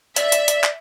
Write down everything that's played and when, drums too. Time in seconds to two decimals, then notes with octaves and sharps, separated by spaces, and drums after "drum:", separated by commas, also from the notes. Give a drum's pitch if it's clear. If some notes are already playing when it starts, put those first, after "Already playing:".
0.16 D5 E5, drum: hi-hat
0.32 drum: hi-hat
0.48 drum: hi-hat
0.64 drum: clap